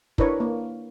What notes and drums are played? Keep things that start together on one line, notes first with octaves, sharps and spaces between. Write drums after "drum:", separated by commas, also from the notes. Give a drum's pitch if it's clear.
D4 E4 A#4 B4 C#5, drum: kick
A#3